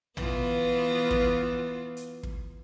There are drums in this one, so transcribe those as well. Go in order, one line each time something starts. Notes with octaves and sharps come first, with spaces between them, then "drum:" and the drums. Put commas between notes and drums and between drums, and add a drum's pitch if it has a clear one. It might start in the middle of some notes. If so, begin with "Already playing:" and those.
E3 B3 F4, drum: tom
drum: kick
drum: hi-hat
drum: kick